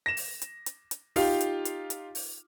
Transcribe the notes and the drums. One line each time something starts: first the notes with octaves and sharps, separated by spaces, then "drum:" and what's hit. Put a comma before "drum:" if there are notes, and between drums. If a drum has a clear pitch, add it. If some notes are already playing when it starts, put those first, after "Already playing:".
A#6 E7
drum: open hi-hat
drum: hi-hat
drum: hi-hat
drum: hi-hat
D#4 F4 G4 F5, drum: open hi-hat
drum: hi-hat
drum: hi-hat
drum: hi-hat
drum: open hi-hat